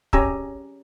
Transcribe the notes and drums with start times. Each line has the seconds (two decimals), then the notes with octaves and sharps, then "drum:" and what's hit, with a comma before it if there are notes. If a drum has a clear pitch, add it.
0.13 C#4 G4 G#5 A#5 E6, drum: kick